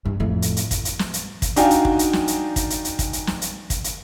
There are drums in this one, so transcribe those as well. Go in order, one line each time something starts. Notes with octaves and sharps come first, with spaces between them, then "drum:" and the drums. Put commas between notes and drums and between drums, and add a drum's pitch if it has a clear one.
G2
F2 A2
drum: hi-hat
drum: hi-hat
drum: kick, hi-hat
drum: hi-hat
drum: snare
drum: hi-hat
drum: kick, hi-hat
D4 D#4 F#4 F5 G5 G#5, drum: hi-hat
drum: hi-hat
drum: kick
drum: hi-hat
drum: snare
drum: hi-hat
drum: kick, hi-hat
drum: hi-hat
drum: hi-hat
drum: kick, hi-hat
drum: hi-hat
drum: snare
drum: hi-hat
drum: kick, hi-hat
drum: hi-hat